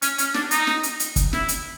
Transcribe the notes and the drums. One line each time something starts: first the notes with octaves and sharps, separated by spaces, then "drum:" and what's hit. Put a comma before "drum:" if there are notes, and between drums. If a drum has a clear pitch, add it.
C#4, drum: hi-hat
C#4, drum: hi-hat
D4, drum: snare
D#4, drum: hi-hat
drum: snare
drum: hi-hat
drum: hi-hat
drum: kick, hi-hat
E4, drum: snare
drum: hi-hat